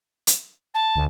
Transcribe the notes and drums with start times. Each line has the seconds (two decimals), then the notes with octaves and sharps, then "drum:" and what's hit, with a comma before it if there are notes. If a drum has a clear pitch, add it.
0.27 drum: hi-hat
0.74 A5
0.96 D2